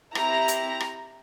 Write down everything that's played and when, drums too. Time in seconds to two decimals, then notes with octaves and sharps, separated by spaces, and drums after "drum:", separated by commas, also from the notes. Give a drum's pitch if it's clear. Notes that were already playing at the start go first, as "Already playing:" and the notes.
0.15 C4 E4 G4 A#5, drum: rim click
0.48 drum: hi-hat
0.80 drum: rim click